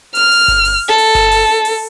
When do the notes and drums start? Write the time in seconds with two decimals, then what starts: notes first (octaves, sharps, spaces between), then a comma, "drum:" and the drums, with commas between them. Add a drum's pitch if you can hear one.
0.15 F6, drum: open hi-hat
0.32 drum: open hi-hat
0.48 drum: kick G1, hi-hat
0.65 drum: open hi-hat
0.89 A4
0.98 drum: open hi-hat
1.15 drum: kick G1, hi-hat
1.31 drum: open hi-hat
1.65 drum: open hi-hat